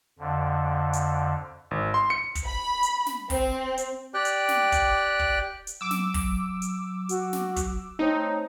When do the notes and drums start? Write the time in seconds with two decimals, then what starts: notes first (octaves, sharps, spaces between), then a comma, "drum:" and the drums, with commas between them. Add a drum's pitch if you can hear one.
0.19 F2 D3
0.93 drum: hi-hat
1.71 G#1
1.94 C6
2.10 C#7
2.35 drum: kick, hi-hat
2.45 B5
2.83 drum: hi-hat
3.06 drum: snare
3.30 C4, drum: kick, open hi-hat
3.77 drum: hi-hat
4.14 G4 D5 G5 F#6
4.25 drum: hi-hat
4.49 drum: snare
4.72 drum: kick, hi-hat
5.20 drum: kick
5.67 drum: hi-hat
5.81 F#3 D6 E6
5.91 drum: snare
6.14 drum: kick, open hi-hat
6.62 drum: hi-hat
7.09 F#4, drum: hi-hat
7.33 drum: snare
7.56 drum: kick, hi-hat
7.99 A3 C4 D#4 C#5 A#5